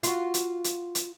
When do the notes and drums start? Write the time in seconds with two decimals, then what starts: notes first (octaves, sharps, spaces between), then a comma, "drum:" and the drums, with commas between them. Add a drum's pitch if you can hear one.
0.03 F4 F#4, drum: hi-hat
0.34 drum: hi-hat
0.64 drum: hi-hat
0.95 drum: hi-hat